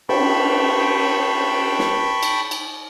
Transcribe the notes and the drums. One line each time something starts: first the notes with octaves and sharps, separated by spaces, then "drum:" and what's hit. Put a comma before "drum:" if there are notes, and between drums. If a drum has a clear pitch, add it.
G5 A5 B5 C#6, drum: cymbal
drum: snare
drum: cymbal
drum: cymbal